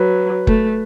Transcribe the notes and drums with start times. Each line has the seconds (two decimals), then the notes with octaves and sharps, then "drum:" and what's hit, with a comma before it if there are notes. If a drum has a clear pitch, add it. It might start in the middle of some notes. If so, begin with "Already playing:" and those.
Already playing: F#3 B4
0.47 A3, drum: kick